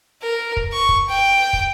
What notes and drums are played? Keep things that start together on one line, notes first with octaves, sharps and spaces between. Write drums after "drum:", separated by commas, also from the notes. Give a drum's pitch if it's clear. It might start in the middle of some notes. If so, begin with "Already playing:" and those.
A#4
drum: kick
C#6
drum: kick
G5
drum: kick